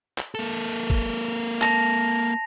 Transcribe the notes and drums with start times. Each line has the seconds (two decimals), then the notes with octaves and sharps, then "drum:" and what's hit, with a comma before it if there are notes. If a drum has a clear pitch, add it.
0.18 drum: clap
0.35 A#3 A4
0.90 drum: kick
1.62 A5 A#6 F7, drum: clap